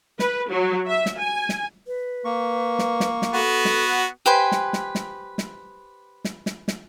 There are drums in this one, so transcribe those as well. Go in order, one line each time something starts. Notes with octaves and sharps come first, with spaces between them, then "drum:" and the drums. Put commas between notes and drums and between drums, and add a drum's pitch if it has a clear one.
B4, drum: snare
F#3
E5
drum: snare
G#5
drum: snare
B4
A#3 C#6
drum: snare
drum: snare
drum: snare
B3 F#4 A4
drum: snare
G4 B4 C5 G#5
drum: snare
drum: snare
drum: snare
drum: snare
drum: snare
drum: snare
drum: snare